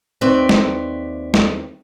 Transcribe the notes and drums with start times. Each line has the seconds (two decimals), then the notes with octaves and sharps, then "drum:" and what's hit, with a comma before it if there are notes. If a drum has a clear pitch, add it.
0.21 D#2 C4 B4 D5 E5 G5
0.49 drum: snare
1.34 drum: snare